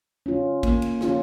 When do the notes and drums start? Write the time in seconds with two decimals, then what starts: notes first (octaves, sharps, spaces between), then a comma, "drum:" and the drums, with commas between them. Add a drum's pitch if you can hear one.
0.26 C#4 F4
0.63 A#3, drum: kick, cymbal
0.82 drum: cymbal
1.01 C#4 F4, drum: snare